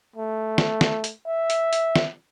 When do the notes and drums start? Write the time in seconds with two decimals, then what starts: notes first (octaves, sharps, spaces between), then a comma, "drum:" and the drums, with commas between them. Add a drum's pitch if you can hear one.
0.16 A3
0.58 drum: snare
0.81 drum: snare
1.04 drum: hi-hat
1.27 E5
1.50 drum: hi-hat
1.73 drum: hi-hat
1.96 drum: snare